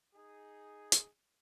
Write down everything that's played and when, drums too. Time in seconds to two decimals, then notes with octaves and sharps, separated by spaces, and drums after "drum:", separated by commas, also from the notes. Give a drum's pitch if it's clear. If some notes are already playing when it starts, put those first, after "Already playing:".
0.14 D#4 G#4
0.92 drum: hi-hat